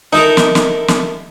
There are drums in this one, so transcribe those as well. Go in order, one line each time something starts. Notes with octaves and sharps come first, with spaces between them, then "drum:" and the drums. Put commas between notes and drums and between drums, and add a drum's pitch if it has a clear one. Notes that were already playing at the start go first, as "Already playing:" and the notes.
D#4 E4 A4 A#4
drum: snare
drum: snare
drum: snare